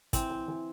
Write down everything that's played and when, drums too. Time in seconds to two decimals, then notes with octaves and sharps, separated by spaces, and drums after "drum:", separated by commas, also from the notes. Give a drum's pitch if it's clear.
0.13 E3 C4, drum: kick, hi-hat
0.30 E3
0.48 E3